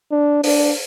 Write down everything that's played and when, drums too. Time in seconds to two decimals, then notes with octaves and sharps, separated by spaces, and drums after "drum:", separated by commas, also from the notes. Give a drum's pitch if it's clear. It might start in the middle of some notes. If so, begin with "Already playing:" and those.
0.11 D4
0.43 D4, drum: open hi-hat